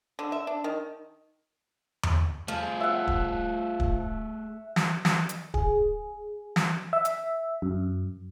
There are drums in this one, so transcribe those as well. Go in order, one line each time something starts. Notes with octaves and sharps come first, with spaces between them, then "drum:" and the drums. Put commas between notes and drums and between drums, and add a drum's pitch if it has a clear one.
D3
E5
D4
D#3
drum: tom E2
F3 A3 G#4
E5 F#5
drum: kick
drum: kick
drum: snare
drum: snare
drum: hi-hat
G#4, drum: kick
drum: snare
E5
drum: hi-hat
F#2